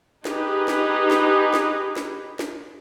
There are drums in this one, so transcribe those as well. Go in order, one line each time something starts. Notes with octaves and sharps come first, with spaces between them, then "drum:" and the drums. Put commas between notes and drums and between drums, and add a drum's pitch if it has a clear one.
D#4 G4 G#4 B4, drum: snare
drum: snare
drum: snare
drum: snare
drum: snare
drum: snare